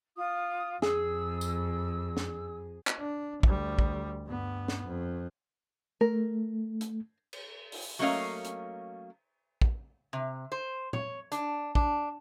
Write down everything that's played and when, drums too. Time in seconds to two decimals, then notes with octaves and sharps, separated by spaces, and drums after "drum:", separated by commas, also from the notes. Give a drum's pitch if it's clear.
0.15 F4 D#6
0.82 F2 G#4 E6, drum: snare
1.41 drum: tambourine
2.17 drum: snare
2.87 drum: clap
2.99 D4
3.43 D2 G3, drum: kick
3.79 drum: kick
4.26 G2 B3
4.68 drum: snare
4.86 F2
6.01 A3 A#4
6.81 drum: hi-hat
7.33 drum: cymbal
7.72 drum: open hi-hat
7.99 F#3 A3 A#3 C#4 D#5 F5
8.44 drum: hi-hat
9.61 drum: kick
10.13 C3
10.52 C5
10.93 C#5, drum: tom A#2
11.32 D4, drum: hi-hat
11.75 D4, drum: kick